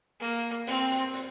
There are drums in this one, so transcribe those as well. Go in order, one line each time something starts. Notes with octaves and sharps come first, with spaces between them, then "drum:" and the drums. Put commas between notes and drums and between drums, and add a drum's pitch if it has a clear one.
A#3
C4, drum: hi-hat
drum: hi-hat
drum: hi-hat